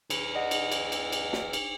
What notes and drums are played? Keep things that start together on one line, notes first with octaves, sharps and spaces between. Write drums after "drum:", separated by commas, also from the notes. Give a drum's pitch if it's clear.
G#4 B4, drum: cymbal
D5 D#5 F#5
drum: cymbal
drum: cymbal
drum: cymbal
drum: cymbal
drum: snare
drum: cymbal